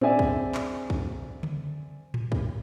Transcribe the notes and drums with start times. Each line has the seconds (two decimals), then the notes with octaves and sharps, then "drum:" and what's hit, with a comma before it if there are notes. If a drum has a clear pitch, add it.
0.01 C4 D4 G#4 D5 E5 G#5, drum: tom A2
0.19 drum: kick
0.55 drum: clap
0.90 drum: kick
1.43 drum: tom C#3
2.14 drum: tom A2
2.32 drum: kick